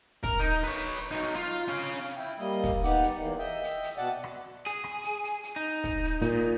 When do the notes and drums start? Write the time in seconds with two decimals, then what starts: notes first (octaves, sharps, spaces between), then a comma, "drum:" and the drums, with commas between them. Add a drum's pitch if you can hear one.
0.23 A#4, drum: kick, hi-hat
0.40 D#4
0.64 B4 C#5, drum: hi-hat
1.11 F#3 D#4
1.35 F4
1.68 C#4 F5
1.84 drum: hi-hat
2.04 drum: hi-hat
2.17 E4 G5
2.39 G3 A#3 D#5
2.64 drum: kick, hi-hat
2.84 B3 D#4 G4 D5 F#5, drum: hi-hat
3.04 drum: hi-hat
3.19 E2 A#3
3.39 D#5 E5 G5
3.64 drum: hi-hat
3.84 drum: hi-hat
3.98 B2 D5 F#5 A5
4.24 drum: rim click
4.66 G#4, drum: hi-hat
4.84 drum: rim click
5.04 drum: hi-hat
5.24 drum: hi-hat
5.44 drum: hi-hat
5.56 D#4
5.84 drum: kick, hi-hat
6.04 drum: hi-hat
6.22 A#2, drum: hi-hat